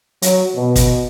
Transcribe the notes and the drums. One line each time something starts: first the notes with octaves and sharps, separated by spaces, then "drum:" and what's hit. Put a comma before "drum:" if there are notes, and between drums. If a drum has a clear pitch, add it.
F#3, drum: hi-hat
B2
drum: kick, hi-hat